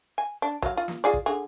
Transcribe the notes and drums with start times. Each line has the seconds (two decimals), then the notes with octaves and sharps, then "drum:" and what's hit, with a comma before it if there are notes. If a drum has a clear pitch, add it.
0.18 G#5
0.42 D4
0.62 F#3 F5, drum: kick A1
0.77 F4
0.88 drum: snare
1.04 F4 G#4 D5
1.13 drum: kick A1
1.26 D3 G#4